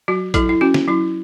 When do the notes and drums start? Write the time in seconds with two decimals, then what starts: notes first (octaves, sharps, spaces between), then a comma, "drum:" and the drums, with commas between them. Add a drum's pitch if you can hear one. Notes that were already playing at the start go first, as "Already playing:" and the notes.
0.08 F#3 F#4
0.34 F#3 E4 A4, drum: kick A#1, hi-hat
0.49 E4
0.61 C#4 F#4
0.74 drum: snare
0.88 F#3 E4